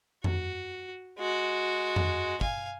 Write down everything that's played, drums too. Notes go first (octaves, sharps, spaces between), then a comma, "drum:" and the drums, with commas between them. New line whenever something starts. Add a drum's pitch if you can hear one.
F#4, drum: tom F2
G#3 F#4
drum: tom F2
F5 G#5, drum: kick